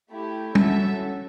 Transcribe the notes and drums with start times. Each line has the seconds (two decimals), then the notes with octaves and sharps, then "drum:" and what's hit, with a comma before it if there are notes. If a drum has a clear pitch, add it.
0.10 A3 E4 G4
0.55 C#4 F#4 A4 E5, drum: tom